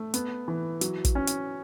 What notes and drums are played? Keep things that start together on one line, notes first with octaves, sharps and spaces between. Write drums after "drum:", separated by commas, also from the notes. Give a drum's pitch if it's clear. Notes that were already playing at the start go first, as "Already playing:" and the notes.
Already playing: A3
B3, drum: hi-hat
E3
F#3, drum: hi-hat
drum: kick, hi-hat
C#4
drum: hi-hat